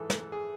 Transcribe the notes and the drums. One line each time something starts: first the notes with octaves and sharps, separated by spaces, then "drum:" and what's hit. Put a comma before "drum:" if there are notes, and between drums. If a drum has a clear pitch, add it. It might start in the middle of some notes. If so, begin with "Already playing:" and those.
Already playing: G#2 E3 G#4 A4
drum: snare
G#4